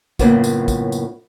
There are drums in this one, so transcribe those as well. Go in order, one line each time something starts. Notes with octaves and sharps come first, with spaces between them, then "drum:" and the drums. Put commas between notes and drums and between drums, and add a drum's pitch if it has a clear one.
F#2 A2 C#3 A#3 B3 F4, drum: kick, tambourine
drum: tambourine
drum: kick, tambourine
drum: tambourine